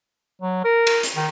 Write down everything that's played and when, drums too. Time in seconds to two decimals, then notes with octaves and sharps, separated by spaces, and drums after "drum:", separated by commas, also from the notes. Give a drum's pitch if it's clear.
0.41 F#3
0.64 A#4
0.87 drum: cymbal
1.03 drum: hi-hat
1.16 D#3